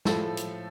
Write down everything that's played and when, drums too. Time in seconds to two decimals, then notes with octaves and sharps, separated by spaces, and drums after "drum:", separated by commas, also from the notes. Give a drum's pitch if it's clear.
0.05 A2 F3 A4, drum: snare
0.37 drum: hi-hat